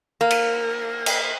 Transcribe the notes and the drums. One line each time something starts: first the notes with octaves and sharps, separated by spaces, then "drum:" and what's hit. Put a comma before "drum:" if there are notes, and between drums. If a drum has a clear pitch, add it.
A#3
drum: cymbal
drum: cymbal